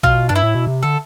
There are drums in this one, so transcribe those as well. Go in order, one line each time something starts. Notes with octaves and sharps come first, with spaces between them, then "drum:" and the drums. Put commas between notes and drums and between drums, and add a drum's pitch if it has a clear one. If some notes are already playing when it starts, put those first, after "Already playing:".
B2 F4, drum: kick A#1
G2 D4
E4
A2
B2
C3
D3 A4